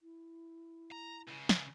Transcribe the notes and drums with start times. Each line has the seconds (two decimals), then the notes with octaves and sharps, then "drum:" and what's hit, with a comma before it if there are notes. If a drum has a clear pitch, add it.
0.01 E4
0.92 A#5
1.28 C#2 C#3
1.49 drum: snare